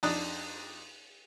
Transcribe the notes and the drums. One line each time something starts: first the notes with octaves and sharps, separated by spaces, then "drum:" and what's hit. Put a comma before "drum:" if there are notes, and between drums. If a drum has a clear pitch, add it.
F2 D4 D#4 D#5 F#6, drum: open hi-hat